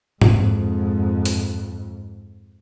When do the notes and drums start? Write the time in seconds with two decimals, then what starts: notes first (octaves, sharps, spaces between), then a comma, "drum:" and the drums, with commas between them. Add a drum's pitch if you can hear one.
0.22 F2 G#2, drum: tom G#2
1.25 drum: hi-hat